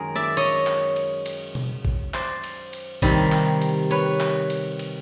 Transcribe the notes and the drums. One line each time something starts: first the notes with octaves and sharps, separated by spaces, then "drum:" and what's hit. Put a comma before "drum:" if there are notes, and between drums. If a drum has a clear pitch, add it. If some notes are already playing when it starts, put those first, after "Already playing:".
Already playing: F#2 D#3 G#3 G#4 A#4
D5 E5
C#5 D#5, drum: cymbal
drum: clap
drum: cymbal
drum: cymbal
drum: tom B2
drum: kick
C5 D5, drum: clap
drum: cymbal
drum: cymbal
C3 D#3 G3, drum: kick, cymbal
drum: clap
drum: cymbal
B4 C#5, drum: cymbal
drum: clap
drum: cymbal
drum: cymbal